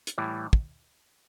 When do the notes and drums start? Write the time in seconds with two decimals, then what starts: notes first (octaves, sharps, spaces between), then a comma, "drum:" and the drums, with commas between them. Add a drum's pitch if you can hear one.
0.07 drum: hi-hat
0.18 A2 E3 G3
0.53 drum: kick